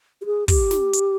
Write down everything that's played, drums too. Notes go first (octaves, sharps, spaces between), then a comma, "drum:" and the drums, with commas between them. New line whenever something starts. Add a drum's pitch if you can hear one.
G4
G#4
G4, drum: kick, open hi-hat
drum: snare
drum: hi-hat